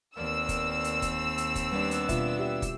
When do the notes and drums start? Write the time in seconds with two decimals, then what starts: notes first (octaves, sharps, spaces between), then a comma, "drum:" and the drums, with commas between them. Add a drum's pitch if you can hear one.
0.17 D#2 B3 C4 A#4 D5 E6
0.49 drum: kick, hi-hat
0.84 drum: hi-hat
1.02 drum: kick, hi-hat
1.38 drum: hi-hat
1.55 drum: kick, hi-hat
1.72 G3 B3 D4
1.91 drum: hi-hat
2.09 B2 F4 E5, drum: kick, hi-hat
2.39 G4 E5
2.62 drum: kick, hi-hat